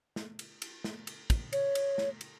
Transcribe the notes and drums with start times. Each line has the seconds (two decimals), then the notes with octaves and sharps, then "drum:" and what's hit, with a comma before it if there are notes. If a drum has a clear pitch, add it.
0.16 drum: snare
0.39 drum: cymbal
0.62 drum: cymbal
0.84 drum: snare
1.07 drum: cymbal
1.30 drum: kick, cymbal
1.53 C#5, drum: cymbal
1.75 drum: cymbal
1.98 drum: snare
2.21 drum: cymbal